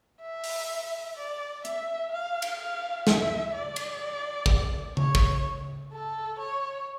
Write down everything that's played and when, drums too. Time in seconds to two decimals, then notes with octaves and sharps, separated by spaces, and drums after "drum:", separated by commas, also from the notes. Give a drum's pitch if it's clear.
0.21 E5
0.44 drum: open hi-hat
1.17 D5
1.65 E5, drum: hi-hat
2.12 F5
2.42 drum: cymbal
2.59 F5
3.07 E5, drum: snare
3.54 D5
3.76 drum: cymbal
4.46 drum: kick
4.97 C#5, drum: tom C#3
5.15 drum: kick
5.92 A4
6.40 C#5